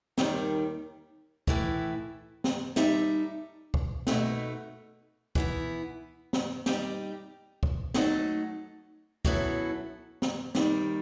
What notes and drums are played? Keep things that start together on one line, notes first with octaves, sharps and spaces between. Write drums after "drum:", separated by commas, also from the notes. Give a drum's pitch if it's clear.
D#2 D#3 G3, drum: snare
A2 E3 A3 E4, drum: kick C#2
drum: snare
G3 D#4 A4 E5, drum: snare
drum: kick C#2
B2 A3 D#4, drum: snare
E3 B3 E4, drum: kick C#2
drum: snare
G3 D#4 G4, drum: snare
drum: kick C#2
F#3 A3 D#4 A4 D#5, drum: snare
F#2 F#3 B3 E4 A4, drum: kick C#2
drum: snare
D#2 D#3 G3, drum: snare